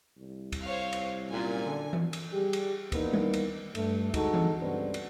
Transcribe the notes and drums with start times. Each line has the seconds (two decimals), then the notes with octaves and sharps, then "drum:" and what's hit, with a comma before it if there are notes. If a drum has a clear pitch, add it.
0.17 C2
0.52 drum: kick, cymbal
0.66 C5 C#5 F5
0.93 drum: cymbal
1.29 F#2 A#2 G#5
1.66 D3
1.93 drum: tom E3
2.13 drum: cymbal
2.33 G3 G4 G#4
2.53 drum: cymbal
2.92 D#3 E3 A#3 B3 D4 D#4, drum: kick, cymbal
3.13 drum: tom G3
3.33 drum: cymbal
3.75 G2 A3, drum: cymbal
4.14 D3 G#3 D#4 F#4 G#4 A4, drum: kick, cymbal
4.34 drum: tom E3
4.61 C#2 G2 B3 C4 D4 F#4
4.94 drum: cymbal